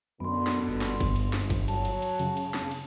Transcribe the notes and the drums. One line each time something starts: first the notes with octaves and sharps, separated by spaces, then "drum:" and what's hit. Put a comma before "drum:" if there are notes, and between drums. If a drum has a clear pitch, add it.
F#2 B2 D3 B3 C6
drum: snare
G1
drum: snare
G2, drum: kick G1, cymbal
drum: cymbal
drum: snare
drum: kick G1, cymbal
F#3 A5, drum: cymbal
drum: cymbal
drum: cymbal
F#2 C#3, drum: cymbal
drum: cymbal
drum: snare
drum: cymbal